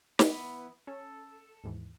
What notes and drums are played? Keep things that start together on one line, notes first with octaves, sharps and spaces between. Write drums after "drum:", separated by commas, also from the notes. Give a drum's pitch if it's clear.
E3 B3 B4, drum: snare
C#4 A4
D#2 G#2 E3